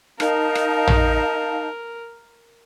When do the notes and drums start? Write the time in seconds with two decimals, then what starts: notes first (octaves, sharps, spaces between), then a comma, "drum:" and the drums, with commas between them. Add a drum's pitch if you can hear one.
0.20 D#4 A#4 F5 A5, drum: rim click
0.55 drum: rim click
0.87 drum: tom